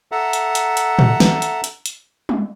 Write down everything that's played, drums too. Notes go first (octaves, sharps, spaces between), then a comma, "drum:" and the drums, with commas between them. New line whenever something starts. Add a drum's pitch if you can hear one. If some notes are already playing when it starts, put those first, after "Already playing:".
A4 E5 F#5 A#5
drum: hi-hat
drum: hi-hat
drum: hi-hat
drum: tom A2
drum: snare
drum: hi-hat
drum: hi-hat
drum: hi-hat
drum: tom